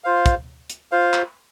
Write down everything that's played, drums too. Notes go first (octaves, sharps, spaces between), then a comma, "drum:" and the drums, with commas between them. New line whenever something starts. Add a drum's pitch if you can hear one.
F4 C5 F5
drum: kick, hi-hat
drum: hi-hat
F4 C5 F5
drum: clap